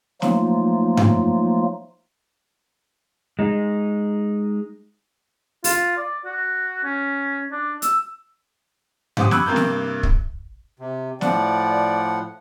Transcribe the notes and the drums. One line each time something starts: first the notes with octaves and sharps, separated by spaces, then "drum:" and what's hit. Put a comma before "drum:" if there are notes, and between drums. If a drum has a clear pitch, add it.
F3 F#3 A3 A#3 D#4 F4, drum: snare
drum: tom G2
G#3 D#4
F4, drum: open hi-hat
D5
F#4
C#4
D4
E6, drum: hi-hat
G4 C5 F#5 D6 D#6, drum: tom G2
B5 C#6 D6 E6 F#6 G#6, drum: snare
G2 C3 A#3 A#5 G6
drum: snare
drum: kick
C3
A2 F3 D5 F#5, drum: snare